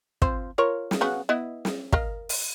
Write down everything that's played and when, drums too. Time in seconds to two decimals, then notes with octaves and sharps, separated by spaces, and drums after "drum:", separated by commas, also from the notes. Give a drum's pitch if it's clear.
0.22 F3 C4 C5, drum: kick
0.58 F4 A#4 C#5
0.91 drum: snare
1.01 C#3 B3 F#4
1.29 B3 E4 D#5
1.65 drum: snare
1.93 A#4 D#5 F5, drum: kick
2.29 drum: open hi-hat